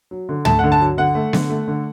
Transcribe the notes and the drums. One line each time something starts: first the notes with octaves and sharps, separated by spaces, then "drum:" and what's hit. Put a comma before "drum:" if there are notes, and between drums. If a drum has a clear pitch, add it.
F#3
D3
A3 A5, drum: tom
D3 F#5
A5
F#3
D3 F#5
A3
D3, drum: snare B3
A3
D3